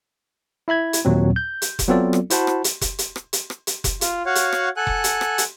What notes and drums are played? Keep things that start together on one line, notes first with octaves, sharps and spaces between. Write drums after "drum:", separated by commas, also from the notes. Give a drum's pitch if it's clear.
E4 E5 B5 G#6
drum: hi-hat
D#2 A#2 F#3 C4
G6
drum: hi-hat
drum: kick F1, hi-hat
F#3 B3 C4 F4 A4 D5
drum: rim click
E4 F#4 C5 F#5 A5 B5, drum: hi-hat
drum: rim click
drum: hi-hat
drum: kick F1, hi-hat
drum: hi-hat
drum: rim click
drum: hi-hat
drum: rim click
drum: hi-hat
drum: kick F1, hi-hat
F4, drum: hi-hat
F#4 C#5 F5 F#5
drum: hi-hat
drum: rim click
A4 F#5 G#5 F#6
drum: kick F1
drum: hi-hat
drum: rim click
drum: hi-hat